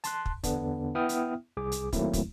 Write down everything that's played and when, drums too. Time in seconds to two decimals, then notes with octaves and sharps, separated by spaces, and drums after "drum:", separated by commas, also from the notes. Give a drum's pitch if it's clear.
0.04 A5 C6 F#6, drum: hi-hat
0.26 drum: kick
0.44 E2 D3 B3 D4, drum: kick, hi-hat
0.95 B3 E4 E5 G5 D#6 F6
1.09 drum: hi-hat
1.57 C2 G#4 D6
1.72 drum: hi-hat
1.93 D#3 F#3 A3 A#3 C4 E4, drum: kick, hi-hat
2.13 drum: kick, hi-hat